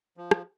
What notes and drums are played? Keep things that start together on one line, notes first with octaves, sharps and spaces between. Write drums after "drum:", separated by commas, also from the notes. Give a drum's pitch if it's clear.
F3
drum: rim click